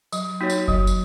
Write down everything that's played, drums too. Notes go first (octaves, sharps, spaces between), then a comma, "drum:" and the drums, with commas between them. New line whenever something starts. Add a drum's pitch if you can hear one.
F#3, drum: tambourine
A#3 D#4 F#4 C#5
drum: tambourine
F#3, drum: kick F#1
drum: tambourine